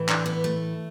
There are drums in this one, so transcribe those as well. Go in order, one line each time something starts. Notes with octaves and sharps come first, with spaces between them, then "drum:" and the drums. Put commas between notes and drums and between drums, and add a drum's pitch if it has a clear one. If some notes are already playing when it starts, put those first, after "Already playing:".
Already playing: A2 E3
D4, drum: clap
B3
A3